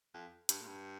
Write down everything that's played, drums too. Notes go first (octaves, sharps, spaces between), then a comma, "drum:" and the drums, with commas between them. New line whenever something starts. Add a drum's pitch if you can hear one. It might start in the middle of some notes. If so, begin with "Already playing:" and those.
F2
G2, drum: hi-hat
A#2
G2